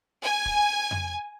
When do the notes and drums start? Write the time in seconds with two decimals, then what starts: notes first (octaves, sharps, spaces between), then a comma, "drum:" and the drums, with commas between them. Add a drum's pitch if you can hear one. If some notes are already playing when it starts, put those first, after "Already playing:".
0.23 G#5
0.46 drum: kick
0.91 drum: tom F2